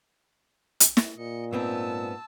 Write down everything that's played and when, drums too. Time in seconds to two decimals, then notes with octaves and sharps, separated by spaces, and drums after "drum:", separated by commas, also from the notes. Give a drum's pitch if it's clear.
0.80 drum: hi-hat
0.97 drum: snare
1.18 A#2 D#5 C#7
1.53 G#2 B3 C4 A5 E6